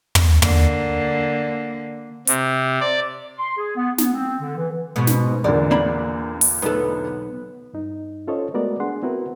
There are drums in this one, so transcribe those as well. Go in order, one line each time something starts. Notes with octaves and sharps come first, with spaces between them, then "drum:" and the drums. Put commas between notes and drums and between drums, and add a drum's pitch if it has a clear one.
drum: tom
D3 A#3, drum: tom
C3, drum: hi-hat
D5
C6
G#4
B3
B3, drum: snare
C4
D3
E3
G#2 B2
drum: snare
E2 A#2 D3 D5
A#3 D4 B5
drum: open hi-hat
B1 B3 A4
G2 D#4
C#4 F4 A4 C5 C#5 D#5
G#3 A3 B3 F#4 A#4 D5
D4 G#4 F#5 C6
B3 C4 E4 F#4 A#4 B4